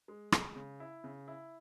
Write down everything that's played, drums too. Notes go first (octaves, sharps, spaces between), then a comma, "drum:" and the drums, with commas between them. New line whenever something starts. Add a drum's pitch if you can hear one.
G#3
G#3, drum: rim click
C#3
E4
C#3
E4